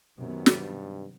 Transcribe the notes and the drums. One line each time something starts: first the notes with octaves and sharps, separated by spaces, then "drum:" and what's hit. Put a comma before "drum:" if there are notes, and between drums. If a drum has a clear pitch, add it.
F#2 C3 D#3 F#3 B3
drum: snare
G2